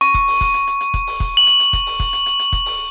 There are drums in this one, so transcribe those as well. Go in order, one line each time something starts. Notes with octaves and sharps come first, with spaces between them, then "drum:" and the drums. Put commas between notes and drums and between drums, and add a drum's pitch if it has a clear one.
C#6, drum: hi-hat
drum: kick
drum: open hi-hat
drum: kick, hi-hat
drum: hi-hat
drum: hi-hat
drum: hi-hat
drum: kick, hi-hat
drum: open hi-hat
drum: kick, hi-hat
F#7
drum: hi-hat
drum: hi-hat
drum: kick, hi-hat
drum: open hi-hat
drum: kick, hi-hat
drum: hi-hat
drum: hi-hat
drum: hi-hat
drum: kick, hi-hat
drum: open hi-hat